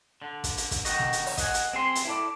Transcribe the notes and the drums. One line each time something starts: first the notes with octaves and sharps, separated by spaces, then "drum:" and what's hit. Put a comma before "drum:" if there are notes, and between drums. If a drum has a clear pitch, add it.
D3
drum: kick, hi-hat
drum: hi-hat
drum: kick, hi-hat
B1 D3 D#3 D#4 F#4 D#5, drum: hi-hat
drum: snare
drum: hi-hat
drum: open hi-hat
D#5 F#5 G#5, drum: kick, hi-hat
drum: hi-hat
C4 G#4 C6
drum: hi-hat
E4 A4 D5